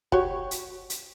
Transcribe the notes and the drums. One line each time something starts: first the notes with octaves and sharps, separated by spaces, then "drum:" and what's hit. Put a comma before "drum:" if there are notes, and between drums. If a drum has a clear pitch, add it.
F#4 G4 C#5, drum: kick
drum: hi-hat
drum: hi-hat